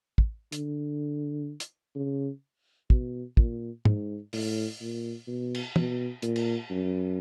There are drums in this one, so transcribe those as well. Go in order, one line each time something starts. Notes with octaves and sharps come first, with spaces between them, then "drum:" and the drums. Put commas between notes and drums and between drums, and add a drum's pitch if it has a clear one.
drum: kick
D3, drum: hi-hat
drum: hi-hat
C#3
B2, drum: kick
A#2, drum: kick
G#2, drum: tom
A2, drum: open hi-hat
A#2
B2
drum: cymbal
B2, drum: tom
A#2, drum: hi-hat
drum: cymbal
F#2